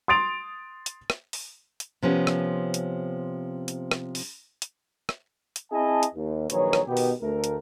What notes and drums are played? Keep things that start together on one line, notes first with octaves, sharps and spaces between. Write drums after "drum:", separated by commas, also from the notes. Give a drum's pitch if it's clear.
C6 D#6 A6 D7 F7
drum: hi-hat
drum: rim click
drum: open hi-hat
drum: hi-hat
C3 F3 B3 C#4
drum: rim click
drum: hi-hat
drum: hi-hat
drum: rim click
drum: open hi-hat
drum: hi-hat
drum: rim click
drum: hi-hat
C4 E4 G#4 D#5 A5
drum: hi-hat
D#2
A#1 D#3 F#3 G#4 B4 C#5, drum: hi-hat
drum: rim click
B2 D#3 B3 G4
drum: open hi-hat
D2 A3 A#4
drum: hi-hat